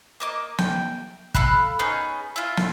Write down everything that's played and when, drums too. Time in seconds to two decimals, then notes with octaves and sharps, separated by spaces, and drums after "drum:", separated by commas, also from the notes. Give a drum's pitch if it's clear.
0.20 A#3 D#5 D6
0.59 G5, drum: snare
1.34 A4 F5 B5 F#6, drum: kick
1.79 B3 C#4 D#4 G#4
2.36 E4 F4
2.57 drum: snare